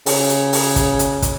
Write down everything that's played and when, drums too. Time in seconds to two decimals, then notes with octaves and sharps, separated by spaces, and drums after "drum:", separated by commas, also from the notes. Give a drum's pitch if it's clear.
0.06 C#3, drum: open hi-hat
0.29 drum: hi-hat
0.53 drum: open hi-hat
0.76 drum: kick, hi-hat
0.99 drum: hi-hat
1.22 drum: kick, hi-hat